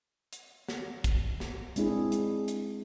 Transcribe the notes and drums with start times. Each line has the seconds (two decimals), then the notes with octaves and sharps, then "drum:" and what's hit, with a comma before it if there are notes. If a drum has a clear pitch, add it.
0.33 drum: hi-hat
0.68 drum: snare
1.04 drum: kick, hi-hat
1.40 drum: snare
1.76 G#3 C4 D4 E4 G#4, drum: hi-hat
2.12 drum: hi-hat
2.48 drum: hi-hat